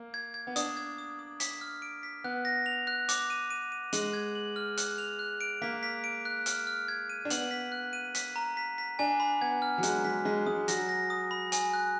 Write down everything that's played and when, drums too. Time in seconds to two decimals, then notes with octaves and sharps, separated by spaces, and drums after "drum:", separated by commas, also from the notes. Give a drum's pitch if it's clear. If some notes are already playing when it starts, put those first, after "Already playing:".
Already playing: A#3
0.14 G#6
0.34 G#6
0.47 B3
0.56 D4 D#6, drum: hi-hat
0.77 G#6
0.98 D#6
1.19 D#6
1.40 B6, drum: hi-hat
1.61 F6
1.82 D7
2.03 B6
2.24 B3 F#6
2.45 A#6
2.66 F7
2.87 F#6
3.09 D6, drum: hi-hat
3.30 D#7
3.51 D#7
3.72 D#7
3.93 G#3 F#7, drum: hi-hat
4.13 G#6
4.35 F#7
4.56 F6
4.77 F#6, drum: hi-hat
4.98 F7
5.19 F#6
5.41 D7
5.62 A#3 B6
5.83 B6
6.04 D7
6.25 F#6
6.46 F6, drum: hi-hat
6.67 F6
6.88 G#6
7.10 D#7
7.25 D4
7.30 B3 F#7, drum: hi-hat
7.51 B6
7.72 F#6
7.93 D#7
8.15 B6, drum: hi-hat
8.36 A#5
8.57 B6
8.78 B6
8.99 D4 G#5
9.20 B5
9.41 B3 G#6
9.62 F6
9.78 F#3
9.83 G#3 F#6, drum: hi-hat
10.04 G#3 B6
10.25 G#3 B6
10.46 G#3 D#6
10.68 F#3 A#6, drum: hi-hat
10.89 A#6
11.10 D#6
11.31 B5
11.52 G#5, drum: hi-hat
11.74 F#6